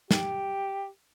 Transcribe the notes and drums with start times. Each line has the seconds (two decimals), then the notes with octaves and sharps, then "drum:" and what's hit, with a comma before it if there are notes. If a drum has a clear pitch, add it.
0.11 G4, drum: snare